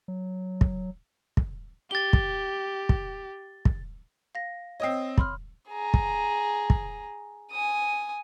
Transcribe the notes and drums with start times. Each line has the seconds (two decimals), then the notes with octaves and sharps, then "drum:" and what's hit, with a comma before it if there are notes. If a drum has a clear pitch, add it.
0.08 F#3
0.61 drum: kick
1.37 drum: kick
1.91 G4 A6 G7
2.13 drum: kick
2.89 drum: kick
3.65 drum: kick
4.35 F5 A#6
4.80 C4 C#5 D#5 D#6 C7
5.18 B5 C6 F6, drum: kick
5.69 G#4 A#5
5.94 drum: kick
6.70 drum: kick
7.52 G#5 D#6